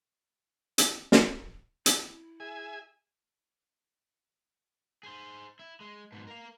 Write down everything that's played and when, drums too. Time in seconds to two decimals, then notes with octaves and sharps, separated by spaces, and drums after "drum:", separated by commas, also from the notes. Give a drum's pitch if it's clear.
0.78 drum: hi-hat
1.12 drum: snare
1.86 E4, drum: hi-hat
2.40 G#4 E5 G#5
5.03 G#4 C5
5.59 E4
5.80 G#3
6.12 G#2 B2
6.27 A#4 F5